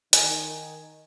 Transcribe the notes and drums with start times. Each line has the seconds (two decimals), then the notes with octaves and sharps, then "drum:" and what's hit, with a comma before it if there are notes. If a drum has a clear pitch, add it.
0.13 D#3 G#5, drum: hi-hat